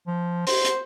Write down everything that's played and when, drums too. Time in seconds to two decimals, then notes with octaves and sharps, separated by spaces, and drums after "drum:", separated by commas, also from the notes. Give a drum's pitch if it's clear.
0.07 F3
0.47 C5, drum: open hi-hat
0.65 drum: hi-hat